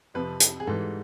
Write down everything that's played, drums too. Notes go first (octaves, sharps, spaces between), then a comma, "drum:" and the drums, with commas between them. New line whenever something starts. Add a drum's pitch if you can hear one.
F2 C3 F3 B4
drum: hi-hat
G#4
G#2 E3 G3 A4